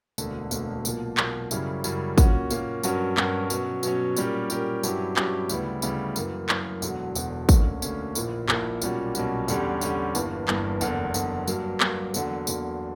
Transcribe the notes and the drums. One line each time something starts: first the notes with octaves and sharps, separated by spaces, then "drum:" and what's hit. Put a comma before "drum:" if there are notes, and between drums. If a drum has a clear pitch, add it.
E1 D2 D3 A#3, drum: tambourine
E1 D2 D3 A#3, drum: tambourine
B1 A#2 A#3, drum: tambourine
B1 A#2 A#3, drum: clap
F#2 C#3 G3 C#4 E4, drum: tambourine
F#2 C#3 G3 C#4 E4, drum: tambourine
A#2 A#3 C#4 F#4, drum: kick, tambourine
A#2 A#3 C#4 F#4, drum: tambourine
G2 F#3 C#4 F#4 A#4, drum: tambourine
G2 F#3 C#4 F#4 A#4, drum: clap
B2 F#3 C#4, drum: tambourine
B2 F#3 C#4, drum: tambourine
A#2 G3 C#4 G4 A#4, drum: tambourine
A#2 G3 C#4 G4 A#4, drum: tambourine
G2 F#3 C#4 E4 G4, drum: tambourine
G2 F#3 C#4 E4 G4, drum: clap
D2 C#3 G3 B3 E4, drum: tambourine
D2 C#3 G3 B3 E4, drum: tambourine
F#2 E3 A#3, drum: tambourine
F#2 E3 A#3, drum: clap
E1 E2 D3 F#3, drum: tambourine
E1 E2 D3 F#3, drum: tambourine
D2 D3 A#3 C#4, drum: kick, tambourine
D2 D3 A#3 C#4, drum: tambourine
A#1 A#2 A#3 E4, drum: tambourine
A#1 A#2 A#3 E4, drum: clap
B1 A#2 G3 C#4 F#4, drum: tambourine
B1 A#2 G3 C#4 F#4, drum: tambourine
E2 D3 G3 C#4 G4, drum: tambourine
E2 D3 G3 C#4 G4, drum: tambourine
G1 G2 E3 A#3, drum: tambourine
G1 G2 E3 A#3, drum: clap
F#1 E2 D3, drum: tambourine
F#1 E2 D3, drum: tambourine
G2 F#3 A#3, drum: tambourine
G2 F#3 A#3, drum: clap
E2 D3 F#3 A#3, drum: tambourine
E2 D3 F#3 A#3, drum: tambourine